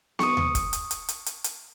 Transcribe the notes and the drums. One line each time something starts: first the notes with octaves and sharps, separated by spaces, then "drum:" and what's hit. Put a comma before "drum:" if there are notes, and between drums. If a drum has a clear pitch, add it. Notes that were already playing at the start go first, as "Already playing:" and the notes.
C#6 D#6, drum: snare B3
drum: tom D#2
drum: kick, hi-hat
drum: hi-hat
drum: hi-hat
drum: hi-hat
drum: hi-hat
drum: hi-hat